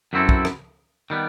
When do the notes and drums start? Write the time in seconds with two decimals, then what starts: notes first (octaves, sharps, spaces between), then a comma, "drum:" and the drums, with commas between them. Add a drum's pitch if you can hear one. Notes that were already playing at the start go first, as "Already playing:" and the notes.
0.13 F#2 F#3 C4 E4 A4
0.29 drum: kick
0.45 drum: rim click
1.10 D#3 G3 B3